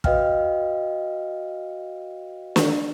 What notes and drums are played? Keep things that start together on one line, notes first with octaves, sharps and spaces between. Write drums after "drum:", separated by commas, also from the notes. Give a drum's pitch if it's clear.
F#4 B4 D#5 F5 G5 F6, drum: kick
drum: snare